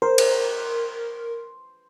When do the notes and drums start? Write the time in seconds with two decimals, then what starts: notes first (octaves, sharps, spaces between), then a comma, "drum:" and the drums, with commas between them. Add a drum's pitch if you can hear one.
0.02 A#4 C5
0.18 drum: cymbal